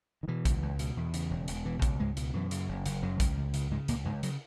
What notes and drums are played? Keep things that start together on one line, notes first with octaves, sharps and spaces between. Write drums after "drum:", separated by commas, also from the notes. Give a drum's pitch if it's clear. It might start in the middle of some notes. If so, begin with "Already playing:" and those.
D#3
B2 E3
C#2, drum: kick A1, hi-hat
C#2
B2, drum: hi-hat
E2
C#3, drum: hi-hat
E1
E1, drum: hi-hat
B2 E3
C#2, drum: kick A1, hi-hat
C#2 G#2 G#3
B2, drum: hi-hat
F#2 E3
C#3, drum: hi-hat
F#1
F#1, drum: hi-hat
F#2 C#3 F#3
C#2, drum: kick A1, hi-hat
C#2
C#3, drum: hi-hat
G#2 C#3 G#3
C#2 A#2 A#3, drum: hi-hat
C#2 G#2 G#3
C#3 F#3, drum: hi-hat